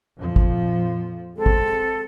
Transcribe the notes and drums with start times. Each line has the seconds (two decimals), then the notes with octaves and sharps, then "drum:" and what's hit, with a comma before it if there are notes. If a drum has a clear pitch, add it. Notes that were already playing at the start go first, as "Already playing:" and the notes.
0.18 F2 A#2 F3
0.36 drum: kick
1.37 G#3 C4 A4
1.46 drum: kick